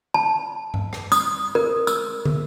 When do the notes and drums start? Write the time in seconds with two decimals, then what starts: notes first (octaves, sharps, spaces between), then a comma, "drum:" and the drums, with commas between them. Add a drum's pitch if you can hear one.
0.14 A5
0.74 drum: tom G2
0.93 drum: rim click
1.12 D#6, drum: tambourine
1.55 A#4
1.87 E6, drum: tambourine
2.25 drum: tom